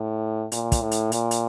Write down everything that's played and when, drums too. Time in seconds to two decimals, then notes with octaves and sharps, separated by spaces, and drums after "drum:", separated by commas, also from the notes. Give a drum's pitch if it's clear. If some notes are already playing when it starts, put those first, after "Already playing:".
Already playing: A2
0.52 A#2, drum: hi-hat
0.72 drum: kick, hi-hat
0.82 A2
0.91 drum: hi-hat
1.12 A#2, drum: hi-hat
1.31 drum: hi-hat